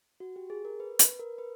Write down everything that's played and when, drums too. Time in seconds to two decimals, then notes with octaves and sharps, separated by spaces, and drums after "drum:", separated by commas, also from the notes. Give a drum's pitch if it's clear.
0.20 F#4
0.36 G4
0.50 G#4
0.65 A#4
0.80 B4
0.99 B4, drum: hi-hat
1.19 A#4
1.38 B4